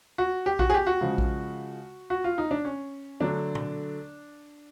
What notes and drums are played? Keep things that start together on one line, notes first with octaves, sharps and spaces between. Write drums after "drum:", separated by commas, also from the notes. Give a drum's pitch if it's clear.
F#4
G4
F#4, drum: kick A#1
G#4
G4
F#4
C#3 F3 G#3
drum: kick A#1
F#4
F4
D#4
D4
C#4
D3 F#3 A3 D4
drum: tom